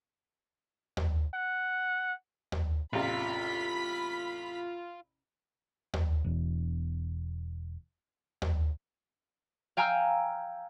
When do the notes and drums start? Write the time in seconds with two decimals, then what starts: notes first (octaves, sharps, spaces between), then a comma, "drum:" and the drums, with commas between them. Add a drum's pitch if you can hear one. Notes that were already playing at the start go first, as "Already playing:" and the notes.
0.97 drum: tom D#2
1.35 F#5
2.52 drum: tom D#2
2.93 A1 E2 C3 F4 B5 B6
5.93 drum: tom D#2
6.25 E1 E2
8.42 drum: tom D#2
9.77 F5 G5 G#5 A#5 E6 F6